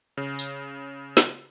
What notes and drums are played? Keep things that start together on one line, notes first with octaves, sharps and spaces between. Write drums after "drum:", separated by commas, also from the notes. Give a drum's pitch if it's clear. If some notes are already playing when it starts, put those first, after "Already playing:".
C#3
drum: tambourine
drum: snare